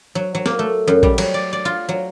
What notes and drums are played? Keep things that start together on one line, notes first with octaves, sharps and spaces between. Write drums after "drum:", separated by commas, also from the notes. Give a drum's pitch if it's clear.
F#3
F#3
A#3, drum: snare
A3
F#2
G3, drum: kick A#1
F#3, drum: cymbal
D5
D5
F4
F#3